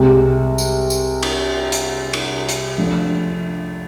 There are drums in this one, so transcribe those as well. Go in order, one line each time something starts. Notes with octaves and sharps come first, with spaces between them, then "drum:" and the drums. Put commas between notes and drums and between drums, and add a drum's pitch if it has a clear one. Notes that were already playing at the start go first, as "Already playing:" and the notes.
Already playing: C2 C3 G#3
drum: tambourine
drum: tambourine
drum: cymbal
drum: hi-hat
drum: cymbal
drum: hi-hat
F3 A3 D4